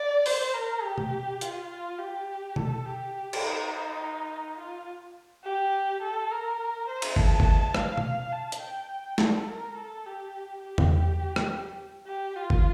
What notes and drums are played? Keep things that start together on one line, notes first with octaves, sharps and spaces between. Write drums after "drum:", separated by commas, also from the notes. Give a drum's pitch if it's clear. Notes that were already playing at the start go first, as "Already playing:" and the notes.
Already playing: D5
C5, drum: open hi-hat
A#4
G4
drum: tom B2
F4, drum: hi-hat
F4
G4
A4, drum: tom B2
G4
drum: cymbal
D#4
F4
G4
A4
A#4
C5
drum: cymbal
A5, drum: kick G1
drum: kick G1
F5, drum: rim click
drum: tom B2
A5
drum: hi-hat
G5
A4, drum: snare
A#4
A4
G4
G4
drum: tom E2
drum: rim click
G4
F4
drum: kick G1